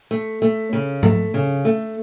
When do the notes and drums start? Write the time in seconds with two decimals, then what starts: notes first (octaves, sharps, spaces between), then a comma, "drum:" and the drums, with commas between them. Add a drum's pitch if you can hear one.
0.11 A3
0.42 A3
0.73 C#3
1.03 A3, drum: tom
1.34 C#3
1.65 A3